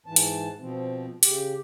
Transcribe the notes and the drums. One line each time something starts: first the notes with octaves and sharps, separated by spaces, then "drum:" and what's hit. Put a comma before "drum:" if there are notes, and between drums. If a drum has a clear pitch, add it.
G#2 E3 A5
drum: hi-hat
B2 F3 C4
C#3 G4, drum: hi-hat